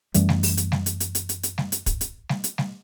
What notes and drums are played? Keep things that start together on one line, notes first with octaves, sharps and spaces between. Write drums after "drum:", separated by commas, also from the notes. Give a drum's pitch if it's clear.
F#2 E3 G3 A3, drum: hi-hat
drum: snare G3
drum: open hi-hat
drum: hi-hat
drum: snare G3
drum: hi-hat
drum: hi-hat
drum: hi-hat
drum: hi-hat
drum: hi-hat
drum: snare G3
drum: hi-hat
drum: kick, hi-hat
drum: hi-hat
drum: snare G3
drum: hi-hat
drum: snare G3